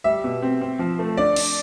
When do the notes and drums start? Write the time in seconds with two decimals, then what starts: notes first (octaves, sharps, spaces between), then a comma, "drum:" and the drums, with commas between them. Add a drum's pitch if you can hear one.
0.04 G3 E5
0.24 B2
0.42 C4
0.61 C4
0.79 F3
0.99 A3
1.17 D4 D5
1.36 D4, drum: cymbal